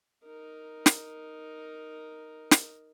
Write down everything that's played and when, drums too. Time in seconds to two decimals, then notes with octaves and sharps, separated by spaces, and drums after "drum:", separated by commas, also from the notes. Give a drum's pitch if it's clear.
0.24 D#4 A#4
0.86 drum: snare
2.51 drum: snare